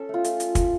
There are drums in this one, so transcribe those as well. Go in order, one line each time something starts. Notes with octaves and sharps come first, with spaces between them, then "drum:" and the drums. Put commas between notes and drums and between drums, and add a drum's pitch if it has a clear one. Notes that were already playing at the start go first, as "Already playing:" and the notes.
Already playing: C#4 A4
A3 F4
A3, drum: hi-hat
F4, drum: hi-hat
F4, drum: kick, hi-hat